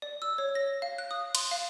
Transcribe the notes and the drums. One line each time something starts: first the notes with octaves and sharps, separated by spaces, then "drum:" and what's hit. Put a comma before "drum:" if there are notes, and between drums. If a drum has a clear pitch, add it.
D5
E6
C#5
A#6
F5
F#6
D#6
C6, drum: cymbal
F5